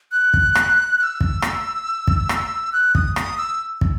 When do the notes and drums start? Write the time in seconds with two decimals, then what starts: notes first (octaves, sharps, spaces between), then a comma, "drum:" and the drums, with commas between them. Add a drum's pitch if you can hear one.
0.12 F#6
0.34 drum: kick
0.55 drum: rim click
0.98 F#6
1.03 E6
1.21 drum: kick
1.42 drum: rim click
2.08 drum: kick
2.29 drum: rim click
2.73 F#6
2.95 D#6, drum: kick
3.16 D#6, drum: rim click
3.38 E6
3.81 drum: kick